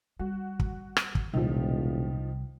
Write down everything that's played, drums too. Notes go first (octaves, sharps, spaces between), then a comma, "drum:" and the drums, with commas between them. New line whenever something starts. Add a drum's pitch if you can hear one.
G3 F#4
drum: kick
drum: rim click
drum: kick
E1 C2 A#2 D#3 F3